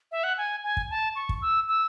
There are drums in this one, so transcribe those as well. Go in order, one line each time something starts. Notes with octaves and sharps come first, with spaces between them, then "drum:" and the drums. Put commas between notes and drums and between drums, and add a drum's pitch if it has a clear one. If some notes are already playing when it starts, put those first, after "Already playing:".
E5
F#5
G#5
G#5
drum: kick
A5
C#6
drum: kick
E6
E6